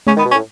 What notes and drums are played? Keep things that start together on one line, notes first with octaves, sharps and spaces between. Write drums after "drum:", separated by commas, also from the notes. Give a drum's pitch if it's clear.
C#3 C#4, drum: tom G#3
D#3
B3
B2
C#4
A2